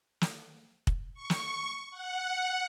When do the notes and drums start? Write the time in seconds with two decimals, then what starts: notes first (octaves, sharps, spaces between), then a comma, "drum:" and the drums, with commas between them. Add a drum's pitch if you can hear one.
0.21 drum: snare
0.87 drum: kick
1.14 C#6
1.30 drum: snare
1.91 F#5